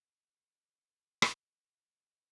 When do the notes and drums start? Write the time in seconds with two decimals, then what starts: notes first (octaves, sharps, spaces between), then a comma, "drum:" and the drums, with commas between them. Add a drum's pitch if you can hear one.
0.16 D3 G4 D5
1.22 drum: rim click
1.81 C#3 E3 F3 C#4 E4 D5